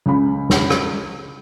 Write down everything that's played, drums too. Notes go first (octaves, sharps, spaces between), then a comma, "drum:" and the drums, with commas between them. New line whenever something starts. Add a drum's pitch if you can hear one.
C#2 C#4 B5
drum: snare
drum: rim click